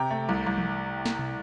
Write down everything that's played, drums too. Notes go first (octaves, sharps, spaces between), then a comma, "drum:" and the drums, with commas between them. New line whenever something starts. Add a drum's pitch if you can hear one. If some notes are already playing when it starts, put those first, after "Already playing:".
Already playing: C3 G5 A#5
A3
C2
C2
drum: tom E3
drum: snare
drum: tom B2